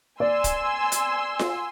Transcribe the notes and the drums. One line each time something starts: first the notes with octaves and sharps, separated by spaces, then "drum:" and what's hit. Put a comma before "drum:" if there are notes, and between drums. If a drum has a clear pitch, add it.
D5 G#5 C6 E6
drum: kick, hi-hat
drum: hi-hat
drum: snare F4